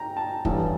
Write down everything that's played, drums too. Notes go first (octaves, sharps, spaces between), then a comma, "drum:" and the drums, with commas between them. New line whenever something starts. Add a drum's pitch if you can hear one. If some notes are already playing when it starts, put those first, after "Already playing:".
Already playing: G5 A#5
A5
A1 G2 E3 G3 A5, drum: kick